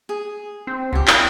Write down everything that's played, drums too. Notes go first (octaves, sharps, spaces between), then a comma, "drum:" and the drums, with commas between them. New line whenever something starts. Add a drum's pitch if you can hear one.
G#4
C4
C#2 F#4 G4
E4, drum: clap